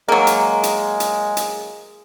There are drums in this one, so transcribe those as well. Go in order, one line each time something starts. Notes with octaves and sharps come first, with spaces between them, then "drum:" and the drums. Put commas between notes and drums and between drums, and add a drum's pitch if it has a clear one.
F#3 G#3 A#3
drum: hi-hat
drum: hi-hat
drum: hi-hat
drum: hi-hat